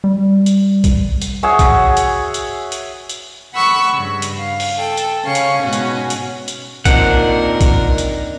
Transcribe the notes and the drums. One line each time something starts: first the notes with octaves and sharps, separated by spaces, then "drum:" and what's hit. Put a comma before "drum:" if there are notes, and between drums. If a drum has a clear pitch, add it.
G3
drum: hi-hat
drum: kick, hi-hat
drum: hi-hat
F#4 G#4 C#5 E5
drum: kick, hi-hat
drum: hi-hat
drum: hi-hat
drum: hi-hat
drum: hi-hat
F#5 B5 C#6 E6 F#6
G2 C#3
drum: hi-hat
F5
drum: open hi-hat
A4 G5
drum: hi-hat
C#3 C#4 F5 C#6
drum: hi-hat
G#2 B2 C#4 F#4
drum: hi-hat
drum: hi-hat
drum: hi-hat
A#2 C4 D4 D#4 A#4 F#5, drum: kick, hi-hat
drum: kick, hi-hat
drum: hi-hat